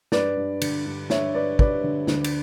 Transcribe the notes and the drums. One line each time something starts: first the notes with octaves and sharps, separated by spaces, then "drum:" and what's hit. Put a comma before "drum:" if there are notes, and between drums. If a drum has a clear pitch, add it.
G2 B4 D5, drum: snare
G2
D3, drum: cymbal
G2
G2 C#5 E5, drum: snare
G2 B4 D5
G3 B4 D5, drum: kick
D3
D2, drum: snare
drum: cymbal